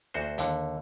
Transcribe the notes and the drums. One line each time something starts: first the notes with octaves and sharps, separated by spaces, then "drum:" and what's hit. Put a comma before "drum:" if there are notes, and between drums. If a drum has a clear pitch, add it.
D2 F#4 C5
D#2 D3, drum: hi-hat